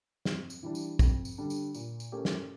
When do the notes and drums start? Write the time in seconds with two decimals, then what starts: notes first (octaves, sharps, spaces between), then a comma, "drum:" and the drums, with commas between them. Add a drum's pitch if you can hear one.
0.25 F2, drum: snare
0.50 drum: tambourine
0.63 E3 G3 D4
0.75 drum: tambourine
0.99 F2, drum: kick, tambourine
1.25 drum: tambourine
1.38 D3 G3 D4
1.50 drum: tambourine
1.74 A#2, drum: tambourine
2.00 drum: tambourine
2.12 A3 C#4 G4 A#4
2.25 drum: snare